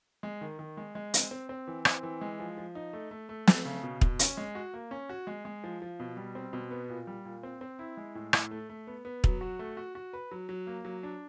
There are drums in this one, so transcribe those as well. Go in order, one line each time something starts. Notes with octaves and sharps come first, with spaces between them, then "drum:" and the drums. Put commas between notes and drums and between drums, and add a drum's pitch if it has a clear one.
G#3
D#3
D#3
G#3
G#3
C4, drum: hi-hat
C4
C4
E3
C4, drum: rim click
E3
G#3
F3
F3
D#4
A3
A3
A3
A3, drum: snare
C#3
B2
B2, drum: kick
C#4, drum: hi-hat
G#3
F#4
A#3
C#4
F#4
G#3
G#3
F3
F3
B2
G3
C4
B2
B3
A#2
G3
A#2
C4
C4
E4
G#3
A2
A2, drum: rim click
A3
A3
B3
B3
F#3, drum: kick
F#4
A3
F#4
F#4
B4
F#3
F#3
A#3
F#3
D4